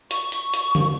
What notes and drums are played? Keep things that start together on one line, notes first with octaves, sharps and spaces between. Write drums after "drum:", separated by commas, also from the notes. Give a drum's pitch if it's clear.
C#6, drum: hi-hat
drum: hi-hat
drum: hi-hat
drum: tom D3